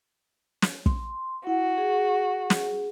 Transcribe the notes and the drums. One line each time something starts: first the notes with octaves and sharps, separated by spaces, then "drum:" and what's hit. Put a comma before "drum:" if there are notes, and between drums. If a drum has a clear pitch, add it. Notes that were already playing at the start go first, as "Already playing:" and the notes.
drum: snare
C6, drum: kick
E4 F#4 F#5
G#4
drum: snare